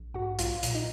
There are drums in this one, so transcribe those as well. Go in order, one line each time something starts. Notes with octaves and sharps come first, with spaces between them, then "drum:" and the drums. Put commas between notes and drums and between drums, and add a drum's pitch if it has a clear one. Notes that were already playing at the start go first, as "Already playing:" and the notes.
Already playing: A#1
G#2 F#4 F#5
B1 F4 F5, drum: hi-hat
A#2, drum: hi-hat
D#4 D#5